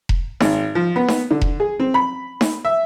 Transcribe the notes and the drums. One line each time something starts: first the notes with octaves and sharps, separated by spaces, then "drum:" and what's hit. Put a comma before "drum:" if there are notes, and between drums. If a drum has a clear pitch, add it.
drum: kick E1
G#1, drum: snare D#4
F3
B3
drum: snare D#4
D3
drum: kick E1
G#4
C4
B5
drum: snare D#4
E5